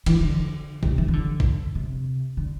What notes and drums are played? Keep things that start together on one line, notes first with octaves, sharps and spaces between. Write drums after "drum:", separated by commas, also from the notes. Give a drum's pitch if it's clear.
E3, drum: cymbal
D3
C3, drum: kick A1
E3
E3
D3
drum: kick A1
C3
D3